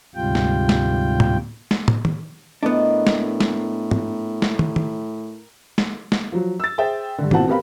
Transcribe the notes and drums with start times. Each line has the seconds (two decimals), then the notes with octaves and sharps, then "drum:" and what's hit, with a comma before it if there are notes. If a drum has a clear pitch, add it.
0.15 D2 G#2 C3 G3 F4 G5
0.35 drum: snare
0.69 drum: snare
1.20 drum: tom
1.71 drum: snare
1.88 drum: tom
2.05 drum: tom
2.63 A2 B3 D4 A#4 D#5
3.07 drum: snare
3.40 drum: snare
3.91 drum: tom
4.42 drum: snare
4.59 drum: tom
4.76 drum: tom
5.78 drum: snare
6.12 drum: snare
6.32 F3 F#3
6.60 E6 A6
6.78 G#4 C5 E5 G5
7.18 G2 D3
7.31 B1 A#2 E3 C4 F#5 A5, drum: tom
7.48 B3 C4 G4 A#4 F5 B5